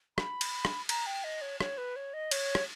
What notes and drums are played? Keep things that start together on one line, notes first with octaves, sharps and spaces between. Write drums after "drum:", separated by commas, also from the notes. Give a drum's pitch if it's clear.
B5, drum: rim click
drum: cymbal
drum: rim click
A#5, drum: cymbal
G5
D#5
C#5
C#5, drum: rim click
B4
C#5
D#5
C#5, drum: cymbal
drum: rim click